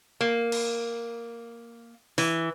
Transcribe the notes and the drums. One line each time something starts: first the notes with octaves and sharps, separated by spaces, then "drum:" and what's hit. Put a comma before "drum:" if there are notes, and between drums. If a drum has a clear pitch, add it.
A#3
drum: cymbal
E3, drum: open hi-hat